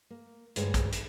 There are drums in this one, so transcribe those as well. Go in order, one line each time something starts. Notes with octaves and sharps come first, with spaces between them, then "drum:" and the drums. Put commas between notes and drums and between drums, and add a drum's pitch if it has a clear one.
A#3
D2 G2 G#3 C#5, drum: hi-hat
drum: kick, hi-hat
drum: hi-hat